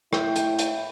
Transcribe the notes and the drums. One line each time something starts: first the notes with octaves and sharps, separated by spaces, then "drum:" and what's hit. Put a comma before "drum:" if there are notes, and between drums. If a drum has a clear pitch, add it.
A2 E4 G5, drum: rim click
drum: hi-hat
drum: hi-hat